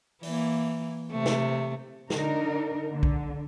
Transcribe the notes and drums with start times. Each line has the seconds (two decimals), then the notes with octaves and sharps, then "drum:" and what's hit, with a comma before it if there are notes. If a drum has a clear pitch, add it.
0.23 E3 A#3, drum: open hi-hat
1.11 C3 A3
1.26 drum: snare
2.10 D3 D4 D#4 A#4, drum: snare
2.92 D3
3.03 drum: kick B1